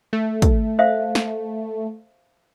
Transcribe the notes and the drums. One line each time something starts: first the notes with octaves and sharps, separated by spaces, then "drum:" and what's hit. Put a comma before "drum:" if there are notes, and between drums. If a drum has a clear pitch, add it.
A3
drum: kick, hi-hat
C5 E5 F5
drum: snare